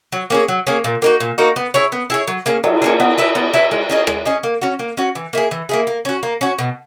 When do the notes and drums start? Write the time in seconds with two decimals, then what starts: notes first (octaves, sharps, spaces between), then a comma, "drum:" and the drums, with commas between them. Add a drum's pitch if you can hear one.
0.12 F#3
0.30 A#3 C#4 G#4
0.48 F#3
0.67 A#3 C#4 G#4
0.84 A#2
1.02 A#3 D#4 F#4
1.20 A#2
1.38 A#3 D#4 F#4
1.56 B3
1.74 E4 G#4 C#5
1.92 B3
2.10 E4 G#4 C#5
2.27 F#3
2.46 A#3 C#4 G#4
2.64 F#3, drum: cymbal
2.82 A#3 C#4 G#4
3.00 B3
3.18 E4 B4 E5
3.35 B3
3.54 E4 B4 E5
3.71 G#3
3.90 C#4 G#4 D#5
4.07 G#3, drum: rim click
4.25 C#4 G#4 D#5
4.43 A#3
4.61 C#4 F#4
4.79 A#3
4.97 C#4 F#4
5.15 E3
5.33 A#3 E4 G#4
5.51 E3
5.69 A#3 E4 G#4
5.87 A#3
6.05 C#4 F#4
6.23 A#3
6.41 C#4 F#4
6.59 B2